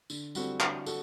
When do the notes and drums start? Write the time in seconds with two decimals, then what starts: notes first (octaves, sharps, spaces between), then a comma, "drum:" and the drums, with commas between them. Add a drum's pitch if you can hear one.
0.10 D3, drum: tambourine
0.35 G3 C4 F#4 A4, drum: tambourine
0.60 D3, drum: clap
0.86 F#4 A4, drum: tambourine